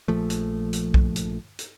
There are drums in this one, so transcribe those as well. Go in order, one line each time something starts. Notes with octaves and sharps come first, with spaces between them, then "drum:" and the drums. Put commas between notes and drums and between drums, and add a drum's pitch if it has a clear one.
A#1 F3 A3
drum: hi-hat
drum: hi-hat
drum: kick
drum: hi-hat
drum: hi-hat